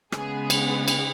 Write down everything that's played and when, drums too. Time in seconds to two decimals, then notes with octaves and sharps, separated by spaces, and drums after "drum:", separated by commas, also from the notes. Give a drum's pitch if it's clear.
0.12 C#3 G#3 B3 G#4, drum: rim click
0.50 drum: cymbal
0.88 drum: cymbal